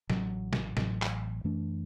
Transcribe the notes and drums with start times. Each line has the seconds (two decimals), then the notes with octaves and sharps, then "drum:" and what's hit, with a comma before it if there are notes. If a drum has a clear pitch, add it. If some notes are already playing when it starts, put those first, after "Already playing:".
0.10 A1 A2 F#3, drum: snare
0.53 drum: snare
0.77 A1 A2 F#3, drum: snare
1.02 drum: clap
1.44 F#2 E3 A3 D4